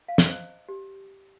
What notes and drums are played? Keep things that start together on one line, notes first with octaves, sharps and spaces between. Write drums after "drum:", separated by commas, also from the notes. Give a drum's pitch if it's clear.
F5
D#5, drum: snare
C5
G4